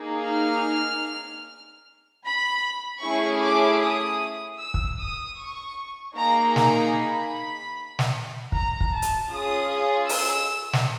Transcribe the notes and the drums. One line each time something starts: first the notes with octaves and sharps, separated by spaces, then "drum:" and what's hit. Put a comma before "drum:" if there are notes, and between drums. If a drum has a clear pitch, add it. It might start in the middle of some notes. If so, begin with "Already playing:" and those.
Already playing: A#3 D#4 G#4
F6
B5
A3 C#4 E4 G#4 C#6
D6
D#6
E6
drum: kick
D#6
C#6
A#3 D#4 G#4 A#5
A#5, drum: snare
B5
drum: snare
A#5, drum: kick
drum: kick
A5
drum: hi-hat
C#4 F4 G#4 D#6
E6, drum: open hi-hat
drum: snare